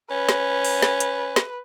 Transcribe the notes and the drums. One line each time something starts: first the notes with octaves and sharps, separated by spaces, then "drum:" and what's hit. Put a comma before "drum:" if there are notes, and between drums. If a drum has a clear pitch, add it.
C#4 B4
drum: snare
drum: open hi-hat
drum: snare
drum: hi-hat
drum: snare